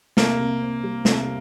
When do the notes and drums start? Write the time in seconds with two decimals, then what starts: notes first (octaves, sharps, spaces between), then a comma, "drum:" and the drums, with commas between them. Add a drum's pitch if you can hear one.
0.17 C2 A#3, drum: snare
0.40 C3
0.61 C4
0.83 G3
1.05 C2, drum: snare